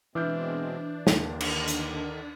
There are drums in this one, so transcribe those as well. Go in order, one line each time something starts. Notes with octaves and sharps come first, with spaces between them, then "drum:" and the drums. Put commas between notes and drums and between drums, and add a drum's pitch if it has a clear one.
B2 E3 G#3 C4 D4 D6 F6 G6
D#2 D3 D#3, drum: snare
drum: cymbal
drum: hi-hat